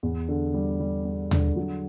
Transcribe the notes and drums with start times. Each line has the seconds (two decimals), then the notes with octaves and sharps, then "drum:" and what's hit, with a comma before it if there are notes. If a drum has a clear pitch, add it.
0.03 E2
0.28 D3
0.54 G3
0.80 G3
1.05 G3
1.31 D3, drum: tom D#2
1.56 F#3